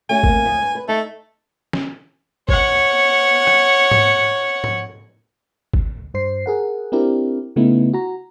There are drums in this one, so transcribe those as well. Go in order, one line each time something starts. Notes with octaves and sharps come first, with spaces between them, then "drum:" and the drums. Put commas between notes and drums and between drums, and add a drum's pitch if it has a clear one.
A3 C#4 F#4 G#5
A#3 C4, drum: kick
F3
G2
B4
A3 D#4
drum: snare
C#5 F#5, drum: kick
drum: rim click
drum: tom G#2
drum: tom
drum: kick
G2 C5 C7
G#4 A#4 F#5
C4 D4 E4 G4 A#4
C#3 A3 B3 D#4 E4
F#4 A#5